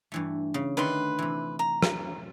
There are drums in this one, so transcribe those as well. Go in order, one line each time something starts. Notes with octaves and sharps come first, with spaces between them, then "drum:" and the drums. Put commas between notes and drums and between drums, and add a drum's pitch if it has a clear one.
G2 E3 A3
C#3
D3 D#3 A3 B4 C6
C3 E3
A#5
drum: rim click